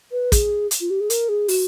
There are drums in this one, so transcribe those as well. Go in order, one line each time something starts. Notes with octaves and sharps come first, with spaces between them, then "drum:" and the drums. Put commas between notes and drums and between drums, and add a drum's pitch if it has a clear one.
B4
G#4, drum: kick, hi-hat
drum: hi-hat
F4
G4
G#4
A#4, drum: hi-hat
G#4
F#4, drum: open hi-hat